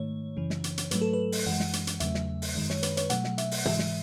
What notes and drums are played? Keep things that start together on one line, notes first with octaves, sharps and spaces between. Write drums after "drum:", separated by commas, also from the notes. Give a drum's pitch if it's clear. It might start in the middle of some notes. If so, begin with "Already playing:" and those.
Already playing: G#2 D#3 A3 C#5
F#2 C#3 E3
drum: snare
drum: hi-hat
drum: hi-hat
G#2 F#3 A3 B4, drum: hi-hat
A4
B4
drum: open hi-hat
F#2 E3 G#3 F#5
drum: snare
drum: hi-hat
drum: hi-hat
E2 C#3 F#3 A3 E5, drum: hi-hat
drum: snare
drum: open hi-hat
F#2 D#3 G#3
C#5, drum: snare
B4, drum: hi-hat
C#5, drum: hi-hat
B2 F#3 A3 F#5, drum: hi-hat
drum: snare
E5, drum: hi-hat
drum: open hi-hat
G#2 E3 G#3 E5, drum: tom
drum: snare